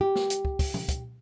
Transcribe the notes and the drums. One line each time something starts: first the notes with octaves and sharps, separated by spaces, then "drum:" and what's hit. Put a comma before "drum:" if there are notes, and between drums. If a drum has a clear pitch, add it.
G4
drum: snare
drum: hi-hat
drum: kick
drum: kick, open hi-hat
drum: tom A#2
drum: kick, hi-hat